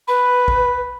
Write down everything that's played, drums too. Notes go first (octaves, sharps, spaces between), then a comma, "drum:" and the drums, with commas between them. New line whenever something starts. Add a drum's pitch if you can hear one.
B4 B5
drum: kick A1